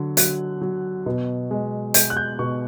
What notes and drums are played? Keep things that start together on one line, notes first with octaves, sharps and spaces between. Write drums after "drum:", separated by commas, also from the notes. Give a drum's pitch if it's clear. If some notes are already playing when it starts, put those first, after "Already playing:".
Already playing: D3 F#3
F#3 F#6, drum: hi-hat
F#3
B2
G#3
G#3 G6, drum: hi-hat
F#6
G6
B2 C#6